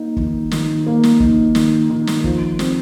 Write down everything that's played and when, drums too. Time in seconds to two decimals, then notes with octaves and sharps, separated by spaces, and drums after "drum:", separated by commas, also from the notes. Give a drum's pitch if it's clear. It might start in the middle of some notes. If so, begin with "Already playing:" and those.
Already playing: A#3 D#4
0.17 D#3, drum: kick
0.51 D#3, drum: snare
0.86 A#3
1.03 drum: snare
1.20 D#4, drum: kick
1.55 D#3, drum: snare
1.90 D#3
2.07 drum: snare
2.24 F3, drum: kick
2.59 C4, drum: snare